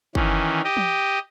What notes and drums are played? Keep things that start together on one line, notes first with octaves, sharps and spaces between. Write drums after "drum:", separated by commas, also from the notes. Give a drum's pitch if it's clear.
D#3 E3 C#4, drum: kick
G4 D#5
drum: tom